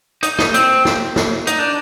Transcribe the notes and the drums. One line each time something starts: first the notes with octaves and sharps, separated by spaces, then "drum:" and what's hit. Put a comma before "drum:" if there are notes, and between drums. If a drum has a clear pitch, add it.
D#4, drum: hi-hat
D#4, drum: snare
C4, drum: hi-hat
drum: snare
drum: snare
D#4, drum: hi-hat
D4